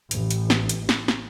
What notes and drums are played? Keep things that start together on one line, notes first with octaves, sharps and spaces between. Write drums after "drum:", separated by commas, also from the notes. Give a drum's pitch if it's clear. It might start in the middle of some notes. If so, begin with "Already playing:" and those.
A1, drum: hi-hat
drum: hi-hat
drum: snare
drum: hi-hat
drum: snare
drum: snare